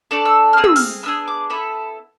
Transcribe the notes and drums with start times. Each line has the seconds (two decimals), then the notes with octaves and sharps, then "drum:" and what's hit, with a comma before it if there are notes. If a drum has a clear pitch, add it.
0.11 A3 D4 A4 D6
0.25 E6
0.53 C4 G#4 F6
0.64 E6, drum: tom
0.76 F6, drum: open hi-hat
1.03 B3 D4 G#4 E6
1.28 D6
1.50 B3 E4 A4 B5